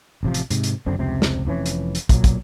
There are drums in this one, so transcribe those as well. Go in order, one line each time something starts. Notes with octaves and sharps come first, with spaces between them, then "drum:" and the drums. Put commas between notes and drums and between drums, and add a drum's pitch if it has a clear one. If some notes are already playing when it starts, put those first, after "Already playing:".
A1 C3 F3
drum: hi-hat
G#2 C3, drum: hi-hat
drum: hi-hat
F#1 F#2 D3 C4
F1 C#2 C3 C4
drum: snare
F1 F2 E3 C#4
drum: hi-hat
drum: hi-hat
B1 A#2 F#3, drum: kick, hi-hat
drum: kick, hi-hat